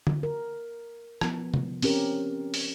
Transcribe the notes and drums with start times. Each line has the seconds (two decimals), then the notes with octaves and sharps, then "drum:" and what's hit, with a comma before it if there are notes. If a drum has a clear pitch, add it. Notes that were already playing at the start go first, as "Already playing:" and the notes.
0.07 drum: tom D3
0.23 A#4
1.21 F3 B3, drum: rim click
1.54 drum: tom
1.82 C4 C#4 G4 A#4, drum: open hi-hat
2.54 drum: open hi-hat